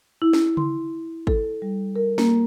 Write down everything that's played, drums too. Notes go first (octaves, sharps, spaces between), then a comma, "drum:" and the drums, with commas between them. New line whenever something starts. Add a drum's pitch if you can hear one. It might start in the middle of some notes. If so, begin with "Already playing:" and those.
E4
drum: snare
C6, drum: tom C#3
A4, drum: kick
G3
A#4
A#3, drum: snare